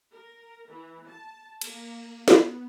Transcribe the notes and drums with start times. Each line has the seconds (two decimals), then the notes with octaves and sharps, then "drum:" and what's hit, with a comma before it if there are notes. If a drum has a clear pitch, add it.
0.11 A#4
0.69 E3
1.08 A5
1.61 A#3, drum: cymbal
2.28 B3, drum: snare